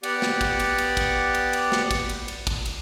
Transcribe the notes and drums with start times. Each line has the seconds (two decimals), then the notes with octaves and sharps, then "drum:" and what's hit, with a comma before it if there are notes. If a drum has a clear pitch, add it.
0.03 B3 G4 D5 F#5, drum: cymbal
0.22 drum: snare
0.41 drum: kick, cymbal
0.60 drum: cymbal
0.78 drum: cymbal
0.97 drum: kick, cymbal
1.34 drum: cymbal
1.53 drum: cymbal
1.72 drum: snare
1.91 drum: kick, cymbal
2.09 drum: cymbal
2.28 drum: cymbal
2.47 drum: kick, cymbal
2.66 drum: cymbal